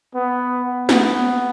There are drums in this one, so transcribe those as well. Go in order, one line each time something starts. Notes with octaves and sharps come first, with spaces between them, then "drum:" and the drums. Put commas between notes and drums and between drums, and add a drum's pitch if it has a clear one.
B3
B3, drum: snare